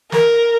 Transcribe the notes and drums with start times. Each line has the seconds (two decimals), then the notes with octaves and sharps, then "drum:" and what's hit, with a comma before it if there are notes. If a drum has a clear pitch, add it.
0.12 A#4, drum: snare